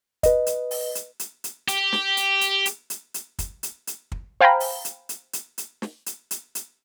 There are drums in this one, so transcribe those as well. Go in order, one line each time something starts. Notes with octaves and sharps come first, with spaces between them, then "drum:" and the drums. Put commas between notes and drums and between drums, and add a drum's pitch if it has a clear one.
B4 D#5, drum: kick, hi-hat
drum: hi-hat
drum: open hi-hat
drum: hi-hat
drum: hi-hat
drum: hi-hat
G4, drum: hi-hat
drum: snare
drum: hi-hat
drum: hi-hat
drum: hi-hat
drum: hi-hat
drum: hi-hat
drum: kick, hi-hat
drum: hi-hat
drum: hi-hat
drum: kick
C5 F5 G5 G#5 A#5 B5
drum: open hi-hat
drum: hi-hat
drum: hi-hat
drum: hi-hat
drum: hi-hat
drum: snare
drum: hi-hat
drum: hi-hat
drum: hi-hat